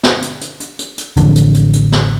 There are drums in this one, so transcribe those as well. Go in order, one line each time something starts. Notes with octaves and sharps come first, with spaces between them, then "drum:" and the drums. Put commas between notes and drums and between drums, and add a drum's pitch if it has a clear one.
drum: snare
drum: hi-hat
drum: hi-hat
drum: hi-hat
drum: hi-hat
drum: hi-hat
A1 F2 D3, drum: hi-hat
drum: hi-hat
drum: hi-hat
drum: hi-hat
drum: snare